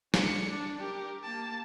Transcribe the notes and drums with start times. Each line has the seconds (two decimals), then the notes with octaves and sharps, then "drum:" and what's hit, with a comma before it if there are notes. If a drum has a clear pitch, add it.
0.14 D4 C#7, drum: snare
0.49 D4
0.80 G4 A#4
1.23 A#3 A5